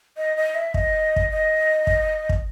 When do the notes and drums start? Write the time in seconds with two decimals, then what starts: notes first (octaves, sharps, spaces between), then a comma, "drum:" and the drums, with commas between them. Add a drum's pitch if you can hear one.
0.17 D#5
0.37 D#5
0.55 E5
0.74 D#5, drum: kick
1.16 drum: kick
1.30 D#5
1.87 drum: kick
2.29 drum: kick